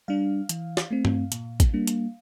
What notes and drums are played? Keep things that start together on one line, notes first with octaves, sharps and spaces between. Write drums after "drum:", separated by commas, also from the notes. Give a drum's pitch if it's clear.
G3 D4 F5
E3, drum: hi-hat
drum: snare
A3 C4
drum: tom G2
A#2, drum: hi-hat
drum: kick A1, hi-hat
G3 A#3 D4
drum: hi-hat